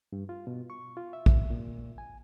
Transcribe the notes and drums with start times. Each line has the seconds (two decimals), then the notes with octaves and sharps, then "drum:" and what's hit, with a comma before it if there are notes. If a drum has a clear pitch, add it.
0.12 G2
0.29 F4
0.47 B2
0.70 C#6
0.97 F4
1.13 E5
1.26 drum: kick
1.50 A#2
1.98 G#5